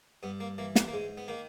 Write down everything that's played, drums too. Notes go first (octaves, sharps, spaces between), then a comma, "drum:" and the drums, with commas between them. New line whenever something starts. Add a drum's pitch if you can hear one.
G2 B3
A#3
E3 A#3
A#3, drum: snare
A#3
G#2 G#3
B3
D#3 A#3